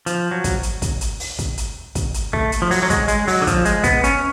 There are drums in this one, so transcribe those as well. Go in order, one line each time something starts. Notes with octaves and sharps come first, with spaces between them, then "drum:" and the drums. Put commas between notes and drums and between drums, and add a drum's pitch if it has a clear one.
F3, drum: hi-hat
F#3
drum: kick, hi-hat
drum: hi-hat
drum: kick, hi-hat
drum: hi-hat
drum: open hi-hat
drum: kick, hi-hat
drum: hi-hat
drum: kick, hi-hat
drum: hi-hat
A3, drum: kick
drum: hi-hat
F3
F#3, drum: open hi-hat
F#3
G#3, drum: kick, hi-hat
G#3, drum: hi-hat
F#3, drum: open hi-hat
D3
F3, drum: kick, hi-hat
G#3, drum: hi-hat
B3, drum: kick, hi-hat
C#4, drum: hi-hat